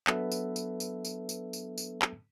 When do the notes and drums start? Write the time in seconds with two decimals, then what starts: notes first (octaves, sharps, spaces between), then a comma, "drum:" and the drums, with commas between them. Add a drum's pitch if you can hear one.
0.07 F#3 B3 D4 A4 B4 E5, drum: clap
0.32 drum: tambourine
0.56 drum: tambourine
0.80 drum: tambourine
1.05 drum: tambourine
1.29 drum: tambourine
1.53 drum: tambourine
1.78 drum: tambourine
2.02 drum: clap